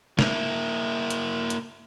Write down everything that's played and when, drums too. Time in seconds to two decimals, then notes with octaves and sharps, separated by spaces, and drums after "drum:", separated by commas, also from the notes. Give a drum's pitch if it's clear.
0.19 A#3 E4, drum: snare
1.10 drum: hi-hat
1.50 drum: hi-hat